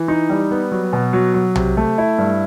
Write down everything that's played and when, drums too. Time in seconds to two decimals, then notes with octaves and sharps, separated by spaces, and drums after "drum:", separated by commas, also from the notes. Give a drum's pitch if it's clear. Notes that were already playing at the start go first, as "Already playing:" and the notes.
Already playing: E3
0.08 D#4
0.29 G3
0.51 B3
0.72 F#3
0.93 B2
1.13 F#3
1.34 F#3
1.55 C3, drum: tom B1
1.77 A3
1.98 E4
2.18 G2